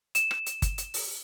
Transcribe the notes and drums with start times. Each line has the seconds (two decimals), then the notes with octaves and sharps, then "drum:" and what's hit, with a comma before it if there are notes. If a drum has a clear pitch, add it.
0.15 E7, drum: hi-hat
0.31 drum: rim click
0.46 drum: hi-hat
0.62 drum: kick G1, hi-hat
0.78 drum: hi-hat
0.94 drum: open hi-hat